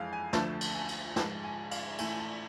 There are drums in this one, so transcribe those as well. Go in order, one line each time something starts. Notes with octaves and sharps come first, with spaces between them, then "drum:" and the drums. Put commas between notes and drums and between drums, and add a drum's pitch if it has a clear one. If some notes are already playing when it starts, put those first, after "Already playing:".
Already playing: F2 E3 G#3 F5
G#5
D2 D3 F3 A3 A5, drum: snare
drum: cymbal
G#5
drum: cymbal
G#2 F3 G#3 A5, drum: snare
G#5
F5, drum: cymbal
A2 E3 A3 G#5, drum: cymbal
A5